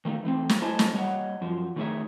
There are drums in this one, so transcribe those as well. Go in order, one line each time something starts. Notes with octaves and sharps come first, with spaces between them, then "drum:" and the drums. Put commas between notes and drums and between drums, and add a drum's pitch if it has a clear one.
D#3 A3 A#3 C#4 D#4
E3 A3 B3 C4
drum: snare
A3 E4 C5 D#5 G#5 A5
drum: snare
G3 A#3 C#5 D#5 F#5
F#2 F3
D#3 A3 D#4 G#4 C#5 E5